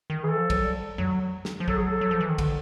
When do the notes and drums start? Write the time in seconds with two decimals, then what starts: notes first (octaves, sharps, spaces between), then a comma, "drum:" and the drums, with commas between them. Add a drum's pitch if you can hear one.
0.10 D#3
0.23 E3 G#4
0.29 A4
0.37 F3
0.50 F#3, drum: kick, cymbal
0.64 G3
0.98 F#3, drum: tom F2
1.45 drum: snare
1.60 F3
1.68 F#3 A4, drum: kick
1.77 G#4
1.87 A4
2.01 F#3
2.11 F3
2.20 E3
2.29 D#3
2.38 D3, drum: kick, cymbal